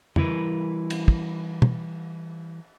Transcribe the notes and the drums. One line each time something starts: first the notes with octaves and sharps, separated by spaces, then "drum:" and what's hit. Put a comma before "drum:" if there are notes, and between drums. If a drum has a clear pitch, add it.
E3 G3 E4 A#4 B4, drum: tom F2
drum: cymbal
drum: kick
drum: tom